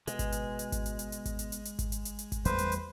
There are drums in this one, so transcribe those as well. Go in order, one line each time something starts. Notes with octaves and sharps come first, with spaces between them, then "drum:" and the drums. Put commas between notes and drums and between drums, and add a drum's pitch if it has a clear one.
B2 G#3, drum: hi-hat
drum: kick G#1, hi-hat
drum: hi-hat
drum: hi-hat
drum: kick G#1, hi-hat
drum: hi-hat
drum: hi-hat
drum: hi-hat
drum: kick G#1, hi-hat
drum: hi-hat
drum: hi-hat
drum: hi-hat
drum: kick G#1, hi-hat
drum: hi-hat
drum: hi-hat
drum: hi-hat
drum: kick G#1, hi-hat
E2 G3 A3 B4 C5, drum: hi-hat
drum: hi-hat
drum: hi-hat